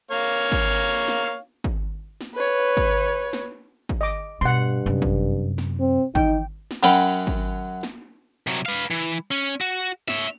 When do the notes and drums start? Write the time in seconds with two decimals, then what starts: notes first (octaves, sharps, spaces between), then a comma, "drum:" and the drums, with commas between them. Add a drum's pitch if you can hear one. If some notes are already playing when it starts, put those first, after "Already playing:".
0.11 A#3 C#5 F5
0.52 drum: kick
1.08 drum: snare
1.64 drum: kick
2.21 drum: snare
2.34 B4 C#5
2.77 drum: kick
3.33 drum: snare
3.89 drum: kick
4.01 D#5 D6
4.41 G2 B2 F#5 C6
4.86 F#2 C3
5.02 drum: kick
5.58 drum: snare
5.80 C4
6.15 E3 D#4 G5, drum: kick
6.71 drum: snare
6.83 F#2 F#3 C#4 G5 B5
7.27 drum: kick
7.83 drum: snare
8.47 C3 F#3
8.66 B4 F5
8.91 E3
9.31 C#4
9.61 F#4
10.08 C#5 E5, drum: snare